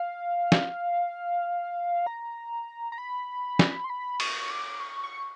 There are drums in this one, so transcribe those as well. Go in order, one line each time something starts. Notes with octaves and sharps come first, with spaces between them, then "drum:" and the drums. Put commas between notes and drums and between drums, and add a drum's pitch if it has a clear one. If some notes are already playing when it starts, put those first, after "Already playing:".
Already playing: F5
drum: snare
A#5
A#5
B5
drum: snare
C6
B5
C#6, drum: cymbal
D6
C#6
C#6